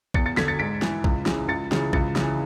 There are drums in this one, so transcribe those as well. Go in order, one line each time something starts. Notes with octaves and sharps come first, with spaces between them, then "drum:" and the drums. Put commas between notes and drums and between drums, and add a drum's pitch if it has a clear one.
E2 A6 C#7, drum: kick A#1
A6 C#7
D3 G#6 B6, drum: snare
A6 C#7
G#2 B6 D7
E3, drum: snare
C#2, drum: kick A#1
C#3 E3, drum: snare
C#2 A6 C#7
C#3 E3, drum: snare
C#2 A6 C#7, drum: kick A#1
C#3 E3, drum: snare